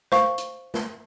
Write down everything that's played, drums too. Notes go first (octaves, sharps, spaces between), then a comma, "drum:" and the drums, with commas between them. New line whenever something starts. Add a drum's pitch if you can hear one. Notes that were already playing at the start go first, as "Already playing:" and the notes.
C5 F5 C#6, drum: snare
drum: hi-hat
drum: snare